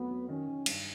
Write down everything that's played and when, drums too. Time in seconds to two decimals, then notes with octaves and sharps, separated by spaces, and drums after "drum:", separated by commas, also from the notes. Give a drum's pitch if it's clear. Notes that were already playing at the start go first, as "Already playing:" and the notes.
Already playing: F2 F#3 A3 B3
0.10 F#3
0.29 D#3 C#4
0.48 D#3
0.66 G2, drum: cymbal